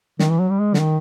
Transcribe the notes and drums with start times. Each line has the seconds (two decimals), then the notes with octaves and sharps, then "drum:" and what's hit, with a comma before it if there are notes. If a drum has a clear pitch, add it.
0.19 D#3, drum: snare
0.30 E3
0.40 F#3
0.50 G3
0.60 G#3
0.74 D3, drum: snare
0.80 D#3